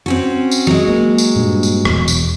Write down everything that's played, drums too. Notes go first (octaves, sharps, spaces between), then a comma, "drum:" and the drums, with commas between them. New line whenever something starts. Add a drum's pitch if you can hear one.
C4 C#4 F#4
drum: tambourine
F#3 G#3
A#3
drum: tambourine
G2 A#2
drum: tambourine
E1 E2, drum: rim click
drum: tambourine